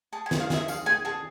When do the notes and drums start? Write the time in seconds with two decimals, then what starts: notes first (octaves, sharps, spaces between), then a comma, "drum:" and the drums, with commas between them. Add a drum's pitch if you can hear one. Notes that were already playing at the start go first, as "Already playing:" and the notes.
0.13 G#4 A5
0.26 G#5
0.31 G#4, drum: snare
0.40 F5
0.50 G#4 E5, drum: snare
0.68 G#4 F5, drum: tambourine
0.86 G#4 G#5
1.05 G#4 A5